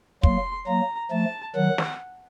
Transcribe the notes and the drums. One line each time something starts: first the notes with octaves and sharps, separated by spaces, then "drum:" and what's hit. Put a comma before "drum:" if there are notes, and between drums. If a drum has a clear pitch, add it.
F#3 A#3 C6, drum: kick
F#3 A#3 A#5
F3 A3 A5
D#3 F#3 F#5
drum: snare